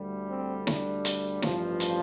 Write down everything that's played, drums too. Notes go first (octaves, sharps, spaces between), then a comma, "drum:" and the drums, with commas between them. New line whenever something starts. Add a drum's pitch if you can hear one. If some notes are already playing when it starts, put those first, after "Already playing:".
Already playing: D2 D3 G3
C4
D4, drum: snare
drum: hi-hat
A1 G2 F3, drum: snare
drum: hi-hat